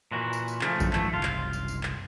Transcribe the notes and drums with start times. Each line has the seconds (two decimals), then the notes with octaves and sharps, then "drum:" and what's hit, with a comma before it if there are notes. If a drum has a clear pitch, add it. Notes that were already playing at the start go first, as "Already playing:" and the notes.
0.11 A#2 E3 F#4
0.33 drum: tambourine
0.48 drum: tambourine
0.61 C#3 F3 A3, drum: clap
0.80 G2 D3 F#3, drum: kick A#1, tambourine
0.93 G#2 E3 F3 A3, drum: clap
1.13 F#1 C2 F4
1.23 drum: clap
1.53 drum: tambourine
1.68 drum: tambourine
1.83 drum: clap